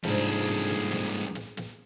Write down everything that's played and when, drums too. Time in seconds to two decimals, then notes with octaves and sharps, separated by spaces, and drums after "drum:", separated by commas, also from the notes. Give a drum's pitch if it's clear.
0.03 C2 G#2 F3 D4 G#4 A4, drum: snare
0.47 drum: snare
0.69 drum: snare
0.91 drum: snare
1.35 drum: snare
1.57 drum: snare